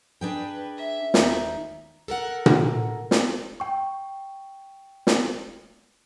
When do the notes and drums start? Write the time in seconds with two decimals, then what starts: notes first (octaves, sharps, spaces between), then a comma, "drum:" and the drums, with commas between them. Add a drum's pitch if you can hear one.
0.21 D4 G#4 B4 G5
0.78 E5
1.14 D#2 D#4, drum: snare
2.08 A4 A#4 F#5
2.46 drum: tom A#2
3.11 drum: snare
3.60 G5 C#6
5.07 drum: snare